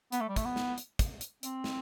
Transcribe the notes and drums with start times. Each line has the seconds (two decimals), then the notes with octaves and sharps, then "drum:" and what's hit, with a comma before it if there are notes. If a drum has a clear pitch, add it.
0.12 B3, drum: hi-hat
0.21 A3
0.29 G3
0.36 A3, drum: kick, hi-hat
0.45 B3
0.56 drum: snare
0.78 drum: hi-hat
0.99 drum: kick, hi-hat
1.21 drum: hi-hat
1.43 C4, drum: hi-hat
1.64 drum: snare